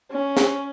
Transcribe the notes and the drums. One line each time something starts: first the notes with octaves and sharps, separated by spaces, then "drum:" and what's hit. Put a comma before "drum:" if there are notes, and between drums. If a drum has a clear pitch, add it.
C#4
drum: snare